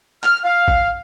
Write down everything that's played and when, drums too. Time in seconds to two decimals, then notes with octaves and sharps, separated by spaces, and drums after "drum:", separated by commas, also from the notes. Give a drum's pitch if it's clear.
0.24 F6, drum: clap
0.45 F5
0.68 drum: kick A1